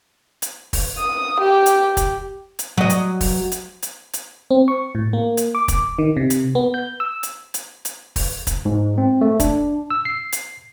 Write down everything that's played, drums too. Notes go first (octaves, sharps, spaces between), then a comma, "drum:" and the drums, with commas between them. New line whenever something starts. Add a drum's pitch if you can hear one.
drum: hi-hat
drum: kick, open hi-hat
D#6
G4
drum: hi-hat
drum: kick, hi-hat
drum: hi-hat
F#3 D#5
drum: hi-hat
drum: kick, open hi-hat
drum: hi-hat
drum: hi-hat
drum: hi-hat
C4
C#6
A2
A#3
drum: hi-hat
D6
drum: kick, hi-hat
D#3
C3
drum: hi-hat
B3
G6
E6
drum: hi-hat
drum: hi-hat
drum: hi-hat
drum: kick, open hi-hat
drum: kick, hi-hat
G#2
C4
A3
D4, drum: kick, hi-hat
E6
C7
drum: hi-hat